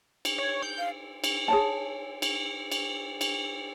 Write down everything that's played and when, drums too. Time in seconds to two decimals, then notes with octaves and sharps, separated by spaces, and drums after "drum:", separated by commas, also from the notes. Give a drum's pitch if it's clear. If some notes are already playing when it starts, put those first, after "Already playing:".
0.25 drum: cymbal
0.38 C#5
0.62 G6
0.78 F5
1.24 drum: cymbal
1.48 G#4 C#5 A5
2.22 drum: cymbal
2.72 drum: cymbal
3.21 drum: cymbal